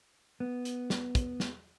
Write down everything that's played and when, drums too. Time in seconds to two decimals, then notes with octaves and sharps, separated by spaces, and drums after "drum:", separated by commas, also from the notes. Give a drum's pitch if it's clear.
0.40 B3
0.65 drum: hi-hat
0.90 drum: snare
1.15 drum: kick, hi-hat
1.40 drum: snare